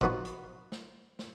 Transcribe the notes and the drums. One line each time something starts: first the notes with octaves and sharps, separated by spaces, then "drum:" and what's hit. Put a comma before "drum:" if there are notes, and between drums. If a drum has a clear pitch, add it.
B2 F3 B3 D#4 F#4, drum: kick
drum: hi-hat
drum: snare
drum: snare